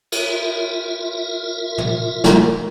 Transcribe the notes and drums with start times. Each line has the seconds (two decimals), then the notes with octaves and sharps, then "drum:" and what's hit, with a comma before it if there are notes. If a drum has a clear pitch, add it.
0.12 F4 A#4 E5, drum: cymbal
1.78 drum: tom
2.24 drum: snare